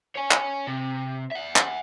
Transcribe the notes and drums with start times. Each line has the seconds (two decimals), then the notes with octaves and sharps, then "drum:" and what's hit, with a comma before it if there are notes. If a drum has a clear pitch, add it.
0.15 C#5 G#5
0.31 drum: clap
0.67 C3
1.32 E5 F#5
1.56 drum: clap